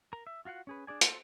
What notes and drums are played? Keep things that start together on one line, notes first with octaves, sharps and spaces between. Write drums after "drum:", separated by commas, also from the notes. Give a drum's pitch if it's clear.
A#4 A#5
E5
F4 F#4 F5 F#5
C#4 G#4 B4
D4 G#4 D5 G#5
A4 C5, drum: hi-hat